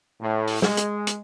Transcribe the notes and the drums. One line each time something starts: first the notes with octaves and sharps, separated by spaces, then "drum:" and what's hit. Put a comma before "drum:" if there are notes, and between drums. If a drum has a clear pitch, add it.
A2
drum: open hi-hat
G#3, drum: snare
drum: hi-hat
drum: hi-hat